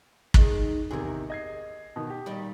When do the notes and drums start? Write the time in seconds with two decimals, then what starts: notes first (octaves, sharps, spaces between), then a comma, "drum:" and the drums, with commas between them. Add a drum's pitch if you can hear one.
0.34 D#3 D#4 G#4, drum: kick
0.91 E2 C3 D#3 G#4 A#4
1.30 D#5 G#6 C7
1.96 B2 D#3
2.10 G4
2.26 A#2 D#3 G3